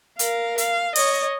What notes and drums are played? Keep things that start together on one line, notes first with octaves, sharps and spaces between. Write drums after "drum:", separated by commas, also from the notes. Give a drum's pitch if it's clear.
A#4 F5, drum: hi-hat
F5, drum: hi-hat
C#5 D#5, drum: open hi-hat